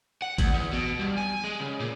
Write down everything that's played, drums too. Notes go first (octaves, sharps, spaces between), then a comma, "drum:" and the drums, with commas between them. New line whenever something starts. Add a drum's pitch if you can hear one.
F#5
D2, drum: kick A1, hi-hat
E2
B2
G2
G#5
G#3
C#3
A#2